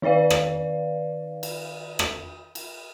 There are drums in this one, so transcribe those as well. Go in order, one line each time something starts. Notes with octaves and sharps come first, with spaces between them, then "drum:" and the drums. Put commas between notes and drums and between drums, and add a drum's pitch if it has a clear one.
D#3 D#4 B4 D5 F5
drum: rim click
drum: cymbal
drum: rim click
drum: cymbal